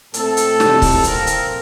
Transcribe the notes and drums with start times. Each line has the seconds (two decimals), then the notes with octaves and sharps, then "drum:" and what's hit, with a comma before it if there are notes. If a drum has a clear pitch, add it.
0.14 A#2 A3 C4 A4, drum: hi-hat
0.37 drum: hi-hat
0.60 F2 C3 E3 G3, drum: snare
0.82 drum: kick, open hi-hat
1.04 A#2 F3 C4 A#4, drum: hi-hat
1.27 drum: hi-hat